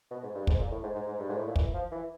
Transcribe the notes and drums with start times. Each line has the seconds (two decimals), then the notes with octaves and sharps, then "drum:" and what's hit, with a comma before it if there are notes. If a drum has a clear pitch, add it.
0.11 B2
0.23 G#2
0.35 G2
0.47 G#2, drum: kick
0.59 A#2
0.71 A2
0.83 G#2
0.95 G#2
1.08 G#2
1.19 G2
1.29 G#2
1.37 A2
1.47 A#2
1.56 E3, drum: kick
1.74 F3
1.92 E3